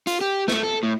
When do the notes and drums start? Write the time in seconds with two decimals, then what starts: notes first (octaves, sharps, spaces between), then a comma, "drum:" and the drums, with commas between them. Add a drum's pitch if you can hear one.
0.07 F4, drum: hi-hat
0.21 G4
0.48 A3, drum: snare
0.63 A4
0.83 A2